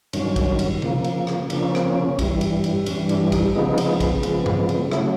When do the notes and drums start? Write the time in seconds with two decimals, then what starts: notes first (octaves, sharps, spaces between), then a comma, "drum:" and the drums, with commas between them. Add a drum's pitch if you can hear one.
0.13 G2 D#3 F#3 C#4, drum: cymbal
0.36 drum: kick, cymbal
0.59 drum: cymbal
0.82 C#3 F3 A#3, drum: tom
1.04 drum: cymbal
1.27 drum: rim click
1.50 C#3 F3 A#3 D4, drum: cymbal
1.63 C#4
1.75 C4, drum: rim click
1.88 C#4
2.19 G2 E3 G3, drum: kick, cymbal
2.41 drum: cymbal
2.64 drum: cymbal
2.86 G2 E3 G3 C#4, drum: cymbal
3.09 D4, drum: cymbal
3.32 D#4, drum: kick, cymbal
3.55 C#3 F3 G#3 B3 D#4
3.78 drum: cymbal
4.00 drum: kick, cymbal
4.23 C#3 F3 G#3 B3, drum: cymbal
4.46 drum: tom G2
4.69 drum: cymbal
4.92 C#3 F#3 A3 E4, drum: rim click